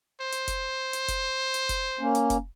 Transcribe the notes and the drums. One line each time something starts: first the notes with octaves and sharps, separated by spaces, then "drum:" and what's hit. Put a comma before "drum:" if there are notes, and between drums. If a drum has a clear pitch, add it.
C5
drum: hi-hat
drum: kick F1, hi-hat
drum: hi-hat
drum: kick F1, hi-hat
drum: hi-hat
drum: kick F1, hi-hat
A#3 C#4
drum: hi-hat
drum: kick F1, hi-hat